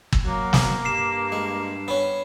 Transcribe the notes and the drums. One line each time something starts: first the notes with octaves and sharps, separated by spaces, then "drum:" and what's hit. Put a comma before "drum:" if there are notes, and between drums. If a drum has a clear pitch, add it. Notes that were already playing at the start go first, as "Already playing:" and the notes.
drum: kick G1
F#3 A#3
drum: snare
G2 C7 E7
G#3
B3 C#4